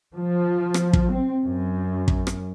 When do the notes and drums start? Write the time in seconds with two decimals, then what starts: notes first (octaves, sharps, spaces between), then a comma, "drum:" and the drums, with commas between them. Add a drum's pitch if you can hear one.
0.16 F3
0.74 drum: rim click
0.93 drum: kick
1.12 C4
1.43 F#2
2.08 drum: kick
2.27 drum: rim click